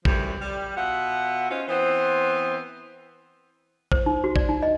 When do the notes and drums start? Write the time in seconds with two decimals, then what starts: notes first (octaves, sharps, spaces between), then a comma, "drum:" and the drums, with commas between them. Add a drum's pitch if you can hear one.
0.05 F#2 D3 E3 F3 G3, drum: kick A1
0.42 G3
0.76 B2 F4 E5 F#5
1.50 C#4 D#4 F4 F#4 C5
1.68 E3 B3 C4 C5
3.92 C5, drum: kick A1
4.06 D#4
4.24 F#4
4.36 D5, drum: kick A1
4.49 D#4
4.63 D#5